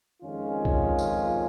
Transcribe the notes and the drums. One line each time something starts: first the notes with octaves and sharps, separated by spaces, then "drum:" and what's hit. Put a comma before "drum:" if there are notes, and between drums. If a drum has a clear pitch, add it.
F2 D#3 G#3 C#4 F4
drum: kick B1
drum: tambourine